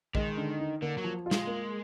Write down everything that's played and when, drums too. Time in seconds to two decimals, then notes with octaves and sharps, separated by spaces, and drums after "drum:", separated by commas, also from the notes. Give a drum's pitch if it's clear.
0.15 D#3 G#3, drum: kick A#1
0.37 D3
0.59 D#4
0.82 D3 A#3
0.97 F#3
1.04 F3
1.26 F4
1.31 G#3, drum: snare
1.47 A#3